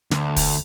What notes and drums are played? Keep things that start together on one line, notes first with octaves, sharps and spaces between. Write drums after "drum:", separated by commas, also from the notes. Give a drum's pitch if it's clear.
D2, drum: snare
drum: kick, open hi-hat